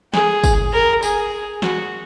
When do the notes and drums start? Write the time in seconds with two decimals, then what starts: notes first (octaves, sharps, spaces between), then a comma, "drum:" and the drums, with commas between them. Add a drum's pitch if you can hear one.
0.14 G#4, drum: snare
0.44 drum: kick, tambourine
0.73 A#4
1.03 G#4, drum: tambourine
1.62 F#4, drum: snare